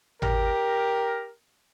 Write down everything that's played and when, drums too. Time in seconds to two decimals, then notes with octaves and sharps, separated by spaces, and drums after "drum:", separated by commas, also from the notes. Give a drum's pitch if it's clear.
0.22 G4 A#4, drum: tom G#1